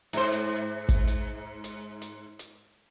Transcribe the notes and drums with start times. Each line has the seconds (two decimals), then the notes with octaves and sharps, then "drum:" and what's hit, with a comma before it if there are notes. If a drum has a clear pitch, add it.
0.13 G#2 C5, drum: hi-hat
0.32 drum: hi-hat
0.89 drum: kick, hi-hat
1.07 drum: hi-hat
1.64 drum: hi-hat
2.02 drum: hi-hat
2.39 drum: hi-hat